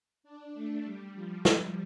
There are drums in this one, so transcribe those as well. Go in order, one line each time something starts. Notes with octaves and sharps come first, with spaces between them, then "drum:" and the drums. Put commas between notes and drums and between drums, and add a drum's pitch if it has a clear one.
D4
A3
G3
F3
drum: snare